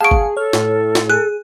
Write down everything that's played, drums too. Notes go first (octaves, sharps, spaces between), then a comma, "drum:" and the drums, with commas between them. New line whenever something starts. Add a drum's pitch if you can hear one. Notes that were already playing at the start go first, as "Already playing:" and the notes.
G#4 F5 F#5 A5 C#6 D7
drum: kick G#1
A4 C#5 F6
A2, drum: snare
drum: snare
G#4 F#6